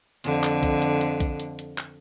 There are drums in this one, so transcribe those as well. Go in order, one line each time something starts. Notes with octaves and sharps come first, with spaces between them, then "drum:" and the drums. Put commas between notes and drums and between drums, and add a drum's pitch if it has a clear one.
F2 D3, drum: hi-hat
drum: clap
drum: kick A#1, hi-hat
drum: hi-hat
drum: hi-hat
drum: kick A#1, hi-hat
drum: hi-hat
drum: hi-hat
drum: clap